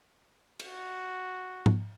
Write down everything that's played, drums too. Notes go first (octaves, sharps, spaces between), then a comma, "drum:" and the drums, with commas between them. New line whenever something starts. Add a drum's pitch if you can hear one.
F#4, drum: cymbal
drum: tom G#2